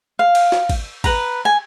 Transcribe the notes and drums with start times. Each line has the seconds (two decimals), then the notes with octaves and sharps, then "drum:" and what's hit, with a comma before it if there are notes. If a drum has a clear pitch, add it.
0.19 F5
0.35 drum: cymbal
0.52 drum: snare
0.69 drum: kick, cymbal
1.04 B4 A#5, drum: kick, cymbal
1.45 G#5